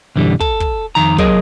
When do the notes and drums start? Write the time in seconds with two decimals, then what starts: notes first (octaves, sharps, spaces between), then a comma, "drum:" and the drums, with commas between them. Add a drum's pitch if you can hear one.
0.16 B1 F#2 D3 E3 G3
0.40 A4, drum: kick
0.60 drum: kick
0.95 F2 D#3 A#5
1.18 F#3 G#4 A#4 D#5, drum: kick